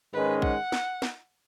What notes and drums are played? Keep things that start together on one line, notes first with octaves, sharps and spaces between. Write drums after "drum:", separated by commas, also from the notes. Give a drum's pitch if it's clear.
G#2 D#3 G#3 C#4 B4
F#5, drum: kick A#1
drum: snare
drum: snare